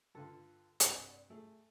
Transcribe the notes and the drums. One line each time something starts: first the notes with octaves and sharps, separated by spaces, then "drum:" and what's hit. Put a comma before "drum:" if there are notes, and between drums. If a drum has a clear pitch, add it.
G2 D3 F4 A4
G2 C3 B4 D5 F#5, drum: hi-hat
A3 G#4